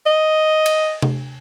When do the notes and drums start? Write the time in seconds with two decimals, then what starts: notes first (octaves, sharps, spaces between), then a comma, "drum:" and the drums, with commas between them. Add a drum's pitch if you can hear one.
0.06 D#5
0.66 drum: cymbal
1.02 drum: tom C3